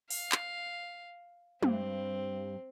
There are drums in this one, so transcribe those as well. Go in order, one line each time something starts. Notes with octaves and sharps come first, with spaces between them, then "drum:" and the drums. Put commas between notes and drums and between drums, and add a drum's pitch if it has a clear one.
F5, drum: open hi-hat
drum: clap
G2 C4, drum: tom